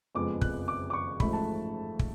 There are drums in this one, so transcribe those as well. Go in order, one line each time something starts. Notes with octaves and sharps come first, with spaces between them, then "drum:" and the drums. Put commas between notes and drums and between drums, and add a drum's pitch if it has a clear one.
F#1 F2 F3 G#3 B3 D6
F#6, drum: kick
D6
D6
C#6
A1 G#2 F3 A3 B5, drum: kick
A5
drum: kick